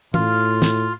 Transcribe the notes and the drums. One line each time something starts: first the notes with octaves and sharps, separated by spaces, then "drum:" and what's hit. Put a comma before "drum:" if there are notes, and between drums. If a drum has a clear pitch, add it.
A2 F4 F5, drum: tom
drum: snare